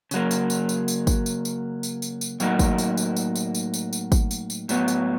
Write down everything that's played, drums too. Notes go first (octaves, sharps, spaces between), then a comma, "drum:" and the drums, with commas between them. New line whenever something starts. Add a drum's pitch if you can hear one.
C#3 F#3 A#3, drum: tambourine
drum: tambourine
drum: tambourine
drum: tambourine
drum: tambourine
drum: kick, tambourine
drum: tambourine
drum: tambourine
drum: tambourine
drum: tambourine
drum: tambourine
A2 F#3 A#3 D#4 F#4, drum: tambourine
drum: kick, tambourine
drum: tambourine
drum: tambourine
drum: tambourine
drum: tambourine
drum: tambourine
drum: tambourine
drum: tambourine
drum: kick, tambourine
drum: tambourine
drum: tambourine
A2 F#3 B3, drum: tambourine
drum: tambourine